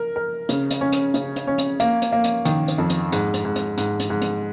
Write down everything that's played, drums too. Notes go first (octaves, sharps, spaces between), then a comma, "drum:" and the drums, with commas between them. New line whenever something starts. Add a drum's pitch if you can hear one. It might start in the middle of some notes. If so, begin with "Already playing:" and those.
Already playing: A#4
A#4
C#3, drum: hi-hat
drum: hi-hat
C#4
drum: hi-hat
C#3, drum: hi-hat
drum: hi-hat
C#4
drum: hi-hat
A#3, drum: hi-hat
drum: hi-hat
A#3
drum: hi-hat
D#3, drum: hi-hat
drum: hi-hat
F2
drum: hi-hat
G#2, drum: hi-hat
drum: hi-hat
G#2
drum: hi-hat
G#2, drum: hi-hat
drum: hi-hat
G#2
drum: hi-hat